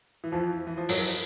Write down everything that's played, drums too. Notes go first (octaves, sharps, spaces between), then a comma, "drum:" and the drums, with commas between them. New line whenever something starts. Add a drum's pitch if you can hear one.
E3
F2 F3
E3
F3
F#2 F#3, drum: open hi-hat